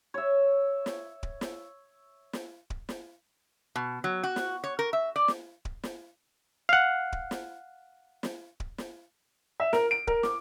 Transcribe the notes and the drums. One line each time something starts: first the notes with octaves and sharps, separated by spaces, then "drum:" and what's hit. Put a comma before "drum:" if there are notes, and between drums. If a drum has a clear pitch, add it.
C#5 E5
drum: snare
drum: kick D1
drum: snare
drum: snare
drum: kick D1
drum: snare
B2
F#3
F#4
drum: snare
C#5
A#4
E5
D5
drum: snare
drum: kick D1
drum: snare
F5 F#5
drum: kick D1
drum: snare
drum: snare
drum: kick D1
drum: snare
E5
A#4, drum: snare
D7
A#4, drum: kick D1
D6, drum: snare